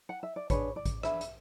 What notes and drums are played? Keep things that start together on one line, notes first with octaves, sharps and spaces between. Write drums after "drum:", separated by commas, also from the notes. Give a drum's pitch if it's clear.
F#5
E5
D5
D4 G#4 B4 C#5, drum: kick A1, hi-hat
D5
drum: kick A1, hi-hat
D4 G#4 B4 E5, drum: rim click
drum: hi-hat